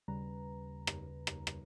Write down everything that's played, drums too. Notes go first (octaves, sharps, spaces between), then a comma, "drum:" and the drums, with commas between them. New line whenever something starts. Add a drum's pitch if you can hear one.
D#2 C#3 G3 B4 A#5
drum: rim click
drum: rim click
drum: rim click